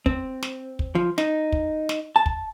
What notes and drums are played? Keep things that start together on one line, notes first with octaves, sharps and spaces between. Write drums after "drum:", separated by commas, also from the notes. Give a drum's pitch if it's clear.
C4, drum: kick
drum: snare
drum: kick
F3
D#4, drum: snare
drum: kick
drum: snare
A5
drum: kick